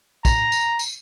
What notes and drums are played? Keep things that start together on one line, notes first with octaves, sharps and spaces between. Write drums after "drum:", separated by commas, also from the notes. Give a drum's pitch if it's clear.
A#5, drum: kick, tambourine
drum: tambourine
drum: tambourine